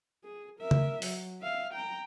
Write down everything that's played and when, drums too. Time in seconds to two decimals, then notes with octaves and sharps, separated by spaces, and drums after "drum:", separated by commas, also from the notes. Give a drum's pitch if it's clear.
0.24 G#4
0.59 A#4 E5
0.71 drum: tom C#3
1.02 F#3, drum: open hi-hat
1.41 E5 F5
1.73 G5 A#5